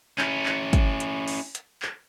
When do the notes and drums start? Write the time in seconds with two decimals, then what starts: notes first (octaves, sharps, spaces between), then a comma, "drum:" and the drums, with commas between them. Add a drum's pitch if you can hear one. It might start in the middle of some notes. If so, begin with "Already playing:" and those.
0.18 C#4 E4, drum: clap
0.46 drum: clap
0.73 drum: kick, hi-hat
1.00 drum: hi-hat
1.28 drum: open hi-hat
1.55 drum: hi-hat
1.82 drum: clap